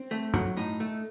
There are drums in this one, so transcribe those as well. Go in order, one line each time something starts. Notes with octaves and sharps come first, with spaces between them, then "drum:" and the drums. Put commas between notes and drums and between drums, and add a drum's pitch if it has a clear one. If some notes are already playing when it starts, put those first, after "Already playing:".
Already playing: C4
A3
F#3, drum: tom G2
A2 D#4
A3